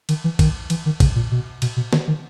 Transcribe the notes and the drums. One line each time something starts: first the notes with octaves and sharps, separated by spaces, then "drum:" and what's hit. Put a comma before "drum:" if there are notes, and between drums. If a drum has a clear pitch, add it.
D#3, drum: cymbal
E3
D#3, drum: kick, cymbal
E3, drum: cymbal
D#3
C#3, drum: kick, cymbal
A#2
B2
B2, drum: cymbal
B2
D#3, drum: snare
D#3